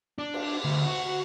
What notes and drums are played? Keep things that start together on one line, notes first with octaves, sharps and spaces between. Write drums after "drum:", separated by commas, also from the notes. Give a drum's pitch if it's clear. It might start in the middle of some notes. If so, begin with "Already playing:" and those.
D4
drum: cymbal
D2
F#4